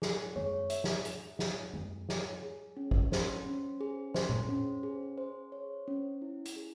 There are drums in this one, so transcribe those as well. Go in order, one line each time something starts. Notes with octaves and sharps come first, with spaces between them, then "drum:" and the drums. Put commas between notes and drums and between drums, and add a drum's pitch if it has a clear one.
G#4, drum: snare
C#5, drum: tom
E5, drum: hi-hat
drum: snare
G#4, drum: hi-hat
G#4, drum: snare
G#4, drum: tom
C#5, drum: snare
G#4
C#4
drum: kick
C5, drum: snare
C#4
G#4
C5, drum: snare
drum: tom A#2
C#4
G#4
C5
C#5
C#4
E4
drum: hi-hat
G#4